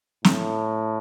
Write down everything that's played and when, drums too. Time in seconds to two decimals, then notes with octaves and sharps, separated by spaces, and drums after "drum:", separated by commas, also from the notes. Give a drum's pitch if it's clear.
0.24 A2, drum: snare